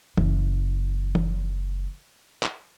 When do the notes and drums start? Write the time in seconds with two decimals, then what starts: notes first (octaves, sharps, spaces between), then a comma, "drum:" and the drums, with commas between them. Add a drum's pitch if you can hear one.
0.17 F#1 E3, drum: tom E3
1.15 drum: tom E3
2.43 drum: clap